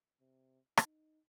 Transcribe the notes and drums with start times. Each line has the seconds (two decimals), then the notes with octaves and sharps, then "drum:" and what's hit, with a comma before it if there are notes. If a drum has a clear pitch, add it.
0.21 C3
0.77 D#4, drum: rim click